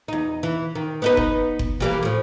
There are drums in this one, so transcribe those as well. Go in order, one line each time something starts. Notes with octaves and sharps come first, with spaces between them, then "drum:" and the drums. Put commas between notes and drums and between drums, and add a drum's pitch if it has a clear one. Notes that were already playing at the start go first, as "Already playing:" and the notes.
E2 D#4
E3
D#3
B3 D#4 B4
drum: kick F#1
drum: kick F#1
E3 G3 A#3
A2 F3